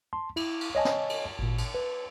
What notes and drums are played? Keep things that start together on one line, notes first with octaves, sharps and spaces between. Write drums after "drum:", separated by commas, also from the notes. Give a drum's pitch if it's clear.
A5 C6
E4, drum: cymbal
drum: cymbal
C#5 D#5 G#5 A5
drum: snare
drum: cymbal
G#1 A#2
drum: cymbal
B4